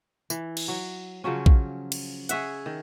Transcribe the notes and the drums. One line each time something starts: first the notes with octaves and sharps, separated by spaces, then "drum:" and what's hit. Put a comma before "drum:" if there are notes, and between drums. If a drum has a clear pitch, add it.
E3, drum: tambourine
drum: cymbal
F#3
C#3 F3 F#3 C#4
drum: kick
drum: cymbal
G#4 C#5 E5 F#5, drum: hi-hat
D#3